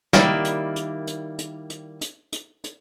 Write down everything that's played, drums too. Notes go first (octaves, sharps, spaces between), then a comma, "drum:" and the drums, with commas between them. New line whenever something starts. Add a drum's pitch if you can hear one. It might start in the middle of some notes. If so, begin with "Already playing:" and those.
D#3 G3 A#3 E4, drum: snare
drum: hi-hat
drum: hi-hat
drum: hi-hat
drum: hi-hat
drum: hi-hat
drum: hi-hat
drum: hi-hat
drum: hi-hat